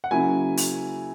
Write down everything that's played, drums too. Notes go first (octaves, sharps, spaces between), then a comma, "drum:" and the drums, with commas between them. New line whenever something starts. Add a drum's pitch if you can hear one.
F#5
C#3 F#3 A#3 E4 G#5
drum: open hi-hat